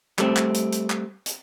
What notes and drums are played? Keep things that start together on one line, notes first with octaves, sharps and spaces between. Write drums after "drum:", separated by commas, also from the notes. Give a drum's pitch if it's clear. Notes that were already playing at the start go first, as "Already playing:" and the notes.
G3 A3 C4, drum: clap
drum: clap
drum: hi-hat
drum: hi-hat
drum: clap
drum: hi-hat